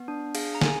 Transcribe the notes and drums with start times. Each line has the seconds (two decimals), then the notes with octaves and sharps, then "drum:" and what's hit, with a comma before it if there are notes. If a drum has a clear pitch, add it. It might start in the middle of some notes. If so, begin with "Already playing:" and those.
Already playing: B3
0.08 D4
0.35 G#4 F5, drum: cymbal
0.55 A#5
0.61 G#4 G#5, drum: snare